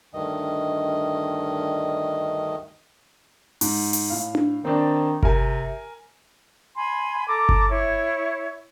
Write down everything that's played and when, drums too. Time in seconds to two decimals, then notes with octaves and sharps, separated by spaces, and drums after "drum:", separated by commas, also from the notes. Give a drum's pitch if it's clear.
0.14 D2 G2 D#3 D#5
3.61 G#2, drum: open hi-hat
3.93 drum: open hi-hat
4.10 A2 F5
4.35 drum: tom D4
4.65 D#3 C4 D4 D5
5.23 C3 A#4 G#5, drum: kick G1
6.76 G#5 B5 C6
7.28 A4 A#5 D6
7.49 drum: kick G1
7.70 E4 C#5